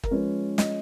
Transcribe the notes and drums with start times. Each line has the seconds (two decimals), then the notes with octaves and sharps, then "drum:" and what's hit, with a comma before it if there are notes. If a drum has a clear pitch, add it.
0.03 A#4, drum: kick
0.11 F3 G#3 C#4 B4
0.58 D#5, drum: snare